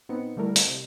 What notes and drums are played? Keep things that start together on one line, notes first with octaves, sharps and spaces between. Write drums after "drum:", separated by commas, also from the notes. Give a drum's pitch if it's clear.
A#2 B3 C4 D#4 C#7
D3 G3 A3 E4 A#4
drum: hi-hat
C3